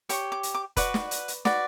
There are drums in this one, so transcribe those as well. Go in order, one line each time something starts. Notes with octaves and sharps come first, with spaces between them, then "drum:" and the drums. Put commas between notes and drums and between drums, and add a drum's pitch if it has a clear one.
G4 C#5 C#6, drum: hi-hat
D6
drum: hi-hat
D6
F#4 B4 D5 C#6, drum: kick F1, hi-hat
drum: snare
drum: hi-hat
drum: hi-hat
F#4 B4 D5, drum: snare